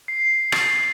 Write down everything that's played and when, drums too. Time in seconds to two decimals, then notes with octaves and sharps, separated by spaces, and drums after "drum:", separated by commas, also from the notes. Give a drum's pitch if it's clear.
0.08 C7
0.52 A6, drum: rim click